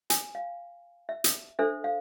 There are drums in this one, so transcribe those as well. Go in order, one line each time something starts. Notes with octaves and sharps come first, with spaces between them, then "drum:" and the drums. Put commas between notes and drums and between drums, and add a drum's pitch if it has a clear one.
G#5, drum: hi-hat
F5
E5
drum: hi-hat
D4 A4 C5 E5
F5